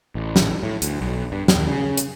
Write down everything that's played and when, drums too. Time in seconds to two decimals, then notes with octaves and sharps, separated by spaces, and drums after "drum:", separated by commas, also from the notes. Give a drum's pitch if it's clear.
0.15 A1
0.36 drum: snare
0.63 A2
0.82 D2, drum: hi-hat
1.01 B1
1.32 G2
1.48 D#2, drum: snare
1.67 C#3
1.98 drum: hi-hat